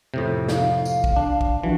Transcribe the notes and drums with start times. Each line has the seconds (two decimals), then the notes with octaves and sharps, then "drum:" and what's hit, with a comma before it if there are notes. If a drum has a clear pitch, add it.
0.14 F2 A2 C3
0.49 F5, drum: snare
0.85 drum: tambourine
1.04 drum: kick
1.16 D4
1.41 drum: kick
1.63 E3 F3 D4 F#4